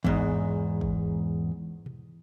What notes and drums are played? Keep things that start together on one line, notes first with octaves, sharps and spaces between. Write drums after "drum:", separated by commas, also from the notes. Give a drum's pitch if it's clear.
E2 G#2, drum: kick
drum: kick
drum: tom B2